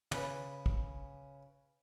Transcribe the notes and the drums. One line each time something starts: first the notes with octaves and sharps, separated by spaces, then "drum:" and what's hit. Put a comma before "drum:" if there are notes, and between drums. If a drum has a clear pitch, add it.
C#3 B4, drum: tom
drum: kick